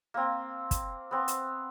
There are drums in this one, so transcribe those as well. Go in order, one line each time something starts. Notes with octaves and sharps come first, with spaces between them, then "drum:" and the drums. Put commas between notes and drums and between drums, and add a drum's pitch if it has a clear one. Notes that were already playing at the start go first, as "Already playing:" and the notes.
A#3 C4
drum: kick, hi-hat
B3 C4
drum: hi-hat